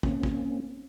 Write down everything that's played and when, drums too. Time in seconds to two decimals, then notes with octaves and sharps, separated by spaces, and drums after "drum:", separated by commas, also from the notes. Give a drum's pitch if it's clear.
0.03 A#3 C4 C#4, drum: kick
0.23 drum: kick